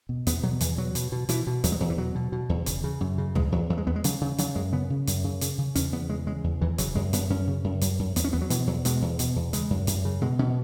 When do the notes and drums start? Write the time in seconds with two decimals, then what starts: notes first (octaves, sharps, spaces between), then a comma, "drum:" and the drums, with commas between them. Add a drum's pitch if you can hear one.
0.09 B2
0.27 E2 B3, drum: hi-hat
0.43 B2 F#3
0.61 E2 E3, drum: hi-hat
0.78 B2 F#3
0.95 B2, drum: hi-hat
1.12 B2
1.29 B2 E3, drum: hi-hat
1.47 B2
1.64 E2 F#3, drum: hi-hat
1.72 G#3
1.81 E2 F#3
1.90 E3
1.98 B2 F#3
2.15 B2
2.32 B2
2.49 E2
2.66 C#3, drum: kick, hi-hat
2.84 C#3
3.01 F#2
3.18 C#3
3.35 E2 G#3, drum: tom C#2
3.52 E2 F#3
3.70 E2 F#3
3.78 G#3
3.87 E2 B3
3.96 G#3
4.04 C#3 F#3, drum: hi-hat
4.21 C#3
4.38 C#3 F#3, drum: hi-hat
4.55 F#2 G#3
4.72 C#3 B3
4.90 C#3
5.07 F#2, drum: hi-hat
5.24 C#3
5.41 C#3, drum: hi-hat
5.58 C#3
5.75 E2 C#4, drum: hi-hat
5.92 E2 B3
6.10 C#3 G#3
6.27 C#3 G#3
6.44 E2
6.61 E2 E3
6.78 C#3 F#3, drum: kick, hi-hat
6.95 F#2 G#3
7.13 F#2 B3, drum: hi-hat
7.30 F#2 C#4
7.47 C#3
7.64 F#2
7.81 F#2, drum: hi-hat
7.99 F#2
8.16 E2 B3, drum: hi-hat
8.24 C#4
8.33 E2 B3
8.42 F#3
8.50 B2 E3, drum: hi-hat
8.67 E2 F#3
8.85 B2 G#3, drum: hi-hat
9.02 E2
9.19 B2, drum: hi-hat
9.36 E2
9.53 C#3 G#3, drum: hi-hat
9.70 F#2
9.87 F#2, drum: hi-hat
10.05 C#3
10.21 B2 G#3
10.39 B2 C#4